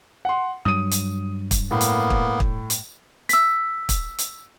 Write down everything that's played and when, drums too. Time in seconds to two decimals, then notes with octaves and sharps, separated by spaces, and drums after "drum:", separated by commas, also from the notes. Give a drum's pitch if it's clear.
0.25 F#5 C6
0.65 G2 F#3 D#6 D#7
0.91 drum: hi-hat
1.51 drum: kick, hi-hat
1.71 A2 A#3 B3
1.81 drum: hi-hat
2.10 drum: kick
2.40 drum: kick
2.70 drum: hi-hat
3.29 E6 B6, drum: hi-hat
3.89 drum: kick, hi-hat
4.18 drum: hi-hat